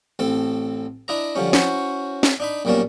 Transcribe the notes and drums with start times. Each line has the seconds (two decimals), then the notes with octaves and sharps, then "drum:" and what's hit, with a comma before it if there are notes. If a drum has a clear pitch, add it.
0.19 A1 C4 A4
1.08 D4 E4 D#5 A#5
1.35 D3 F3 G3 C#4
1.53 C#4 E4 F#4 C5 C#5, drum: snare
2.23 drum: snare
2.40 D4 D#4 B5
2.65 B1 A#2 G3 A#3 C#4 A5